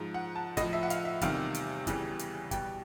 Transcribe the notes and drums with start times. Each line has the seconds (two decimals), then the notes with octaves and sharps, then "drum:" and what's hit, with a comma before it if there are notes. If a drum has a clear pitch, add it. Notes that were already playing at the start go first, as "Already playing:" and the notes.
Already playing: G#2 F3
0.14 F#5
0.36 A5
0.57 A2 F3 D#5, drum: kick, hi-hat
0.73 E5
0.83 F#5
0.90 F5, drum: hi-hat
1.05 E5
1.21 E2 C3 D#3 G3 F5, drum: kick, hi-hat
1.54 drum: hi-hat
1.87 E2 C#3 E3 G3, drum: kick, hi-hat
2.19 drum: hi-hat
2.51 B2 G3 G5, drum: kick, hi-hat